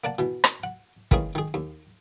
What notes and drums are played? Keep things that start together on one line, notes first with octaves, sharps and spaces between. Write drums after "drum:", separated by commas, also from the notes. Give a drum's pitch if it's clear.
A#3 D5 F#5 A5
B2 E3
drum: rim click
F#5
D#3 E3 G#3 A#3 C#4 G#4, drum: kick
D#3 G#4
D#2